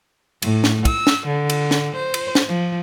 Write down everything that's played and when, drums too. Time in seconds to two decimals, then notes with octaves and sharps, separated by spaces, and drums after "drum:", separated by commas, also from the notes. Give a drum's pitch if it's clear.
0.42 A2, drum: cymbal
0.64 drum: snare
0.85 E6, drum: kick, cymbal
1.07 drum: snare
1.27 D3
1.50 drum: cymbal
1.71 drum: snare
1.96 C5
2.14 drum: cymbal
2.35 drum: snare
2.48 F3